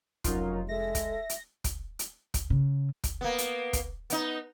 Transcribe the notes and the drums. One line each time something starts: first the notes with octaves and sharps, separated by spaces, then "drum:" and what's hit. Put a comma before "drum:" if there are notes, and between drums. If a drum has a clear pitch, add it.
F1 F#3 C#4 D#4 F4 A#4, drum: kick, hi-hat
G#3 A4 E5 A#6
drum: kick, hi-hat
drum: hi-hat
drum: kick, hi-hat
drum: hi-hat
drum: kick, hi-hat
C#3
drum: kick, hi-hat
A#3 B3
drum: hi-hat
drum: kick, hi-hat
B3 D#4, drum: hi-hat